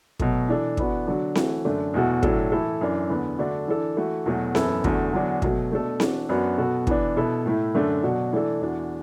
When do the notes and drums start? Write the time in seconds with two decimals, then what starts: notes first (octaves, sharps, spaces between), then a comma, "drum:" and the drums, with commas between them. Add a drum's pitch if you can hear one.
0.20 B2 F#3 A3, drum: kick
0.48 E3 D4 A4
0.77 E3 B3 D4 F#4, drum: kick
1.07 D3 F#3 D4 F#4
1.35 E3 A3 F#4, drum: snare C4
1.65 F#2 D3 A3 D4
1.94 E2 B2 A3 F#4 A4
2.23 A2 F#3 D4 A4, drum: kick
2.52 E3 A3 E4 A4
2.81 F#2 E3 D4
3.10 E2 D3 B3
3.39 D3 A3 D4 F#4
3.68 E3 D4 A4
3.97 E3 A3 F#4
4.26 E2 B2 F#3 A3 F#4
4.55 F#2 E3 B3 E4 A4, drum: snare C4
4.84 E2 D3 A3 F#4, drum: kick
5.13 E2 D3 F#3 D4 F#4
5.42 B2 F#3 A3, drum: kick
5.71 B2 A3 D4 A4
6.00 E3 D4 F#4 A4, drum: snare C4
6.29 F#2 F#3 B3 D4 F#4
6.58 B2 B3 F#4 A4
6.87 E3 B3 D4, drum: kick
7.16 B2 B3 E4 A4
7.45 A2 A3 E4
7.74 F#2 D3 A3 D4 A4
8.03 B2 F#3 D4 F#4
8.32 E3 A3 D4 A4
8.61 E2 E3 D4 F#4